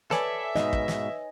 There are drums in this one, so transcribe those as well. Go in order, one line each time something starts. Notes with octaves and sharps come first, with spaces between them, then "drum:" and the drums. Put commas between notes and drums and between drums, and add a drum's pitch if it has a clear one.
A4 B4 C#5 D5 E5 G#5, drum: snare
G#2 B2 D#5, drum: snare
drum: kick
drum: snare